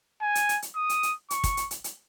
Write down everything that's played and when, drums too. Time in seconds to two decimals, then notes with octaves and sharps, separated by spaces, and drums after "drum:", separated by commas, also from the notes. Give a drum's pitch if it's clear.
0.22 G#5
0.35 drum: hi-hat
0.49 drum: hi-hat
0.62 drum: hi-hat
0.76 D#6
0.89 drum: hi-hat
1.03 drum: hi-hat
1.30 C#6, drum: hi-hat
1.44 drum: kick, hi-hat
1.57 drum: hi-hat
1.71 drum: hi-hat
1.84 drum: hi-hat